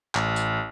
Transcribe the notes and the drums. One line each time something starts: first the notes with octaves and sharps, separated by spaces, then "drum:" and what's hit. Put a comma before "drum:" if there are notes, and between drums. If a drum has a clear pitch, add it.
A1, drum: clap
drum: tambourine